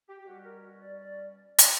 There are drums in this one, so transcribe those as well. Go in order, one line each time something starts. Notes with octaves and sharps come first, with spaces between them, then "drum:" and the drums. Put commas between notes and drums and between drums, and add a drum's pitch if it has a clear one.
G4
G4
B2 G3 C#4 F#4
A#4
F#4
D5
D5
drum: hi-hat